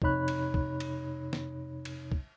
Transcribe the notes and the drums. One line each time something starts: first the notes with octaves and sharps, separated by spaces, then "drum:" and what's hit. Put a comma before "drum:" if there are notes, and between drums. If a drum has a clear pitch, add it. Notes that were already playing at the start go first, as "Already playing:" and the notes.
F2 C3 D#4 C#5 B5 F#6, drum: kick
drum: cymbal
drum: kick
drum: cymbal
drum: snare
drum: cymbal
drum: kick